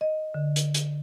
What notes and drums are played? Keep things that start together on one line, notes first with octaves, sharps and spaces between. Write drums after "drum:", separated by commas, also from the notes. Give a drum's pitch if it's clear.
D#5
D3
drum: hi-hat
drum: hi-hat